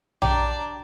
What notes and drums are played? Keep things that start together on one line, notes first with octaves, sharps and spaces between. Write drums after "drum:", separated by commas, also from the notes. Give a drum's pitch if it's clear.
D4 G4 D5 A#5, drum: tom A#1